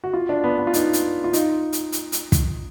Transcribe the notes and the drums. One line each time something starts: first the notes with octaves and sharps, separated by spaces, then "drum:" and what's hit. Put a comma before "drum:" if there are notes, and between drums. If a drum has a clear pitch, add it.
F#4
F4
D4
B3
B3
F4
D#4, drum: hi-hat
drum: hi-hat
F4
D#4, drum: hi-hat
drum: hi-hat
drum: hi-hat
drum: hi-hat
drum: kick, hi-hat